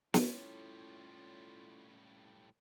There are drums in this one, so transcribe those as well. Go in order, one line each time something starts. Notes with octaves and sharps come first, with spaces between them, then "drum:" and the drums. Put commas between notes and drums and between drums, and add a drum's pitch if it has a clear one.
A2 G3 C#4 E4 F4 A4 C#5, drum: snare